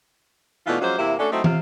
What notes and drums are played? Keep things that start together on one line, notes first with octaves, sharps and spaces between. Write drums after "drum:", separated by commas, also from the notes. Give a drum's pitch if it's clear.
B2 E3 A3 D4 F4
F3 F#3 G#3 A#3 C#4 C5
E2 C3 A#3 E4
A3 C#4 D4 F#4 A4
F#3 A3 C4 D#4 E4 F#4
C3 F4, drum: tom